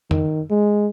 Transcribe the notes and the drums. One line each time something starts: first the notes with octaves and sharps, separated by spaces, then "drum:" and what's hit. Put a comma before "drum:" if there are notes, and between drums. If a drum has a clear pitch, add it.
D#3, drum: tom
G#3